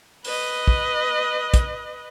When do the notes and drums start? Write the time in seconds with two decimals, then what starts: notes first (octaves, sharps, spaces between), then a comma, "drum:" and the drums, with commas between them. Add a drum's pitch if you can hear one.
0.24 B4 D#5, drum: open hi-hat
0.67 drum: kick
1.54 drum: kick, hi-hat